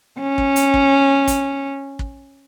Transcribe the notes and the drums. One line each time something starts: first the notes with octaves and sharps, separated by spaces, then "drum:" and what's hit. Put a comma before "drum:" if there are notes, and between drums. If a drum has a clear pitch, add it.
C#4
drum: kick
drum: hi-hat
drum: kick
drum: kick, hi-hat
drum: kick